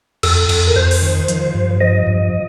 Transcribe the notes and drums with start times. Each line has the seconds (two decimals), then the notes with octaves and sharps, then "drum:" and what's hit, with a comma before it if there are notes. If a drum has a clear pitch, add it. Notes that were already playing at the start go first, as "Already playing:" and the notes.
0.23 F2 A4, drum: cymbal
0.49 F2, drum: cymbal
0.67 A#4
0.76 F2 C5
0.91 drum: open hi-hat
1.02 D#3
1.28 F3, drum: hi-hat
1.54 G2
1.81 F3 D#5
2.07 G2